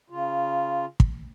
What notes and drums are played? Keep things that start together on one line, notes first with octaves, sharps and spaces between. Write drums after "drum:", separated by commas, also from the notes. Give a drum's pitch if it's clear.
C#3 F4
drum: kick